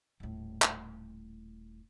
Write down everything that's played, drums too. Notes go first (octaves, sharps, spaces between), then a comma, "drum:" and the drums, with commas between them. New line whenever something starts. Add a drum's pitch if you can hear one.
D#1 A2
drum: clap